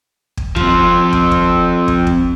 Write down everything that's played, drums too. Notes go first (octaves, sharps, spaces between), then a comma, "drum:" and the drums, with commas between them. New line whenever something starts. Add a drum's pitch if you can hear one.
drum: kick
F3 C4, drum: kick
drum: kick
drum: kick
drum: kick
drum: kick